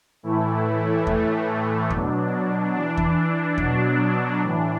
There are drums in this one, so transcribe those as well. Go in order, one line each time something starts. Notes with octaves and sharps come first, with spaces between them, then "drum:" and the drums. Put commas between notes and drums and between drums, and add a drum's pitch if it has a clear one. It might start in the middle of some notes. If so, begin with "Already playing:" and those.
A2 E3 A3 E4
A2 E3 A3, drum: kick E2
B2 F#3 D4, drum: kick E2
E3 D4
drum: kick E2
B2 F#3 D4, drum: kick E2
A2 E3 D4